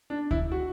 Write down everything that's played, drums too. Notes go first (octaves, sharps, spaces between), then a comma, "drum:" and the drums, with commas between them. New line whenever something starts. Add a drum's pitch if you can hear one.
D4
E4, drum: kick D2
F#4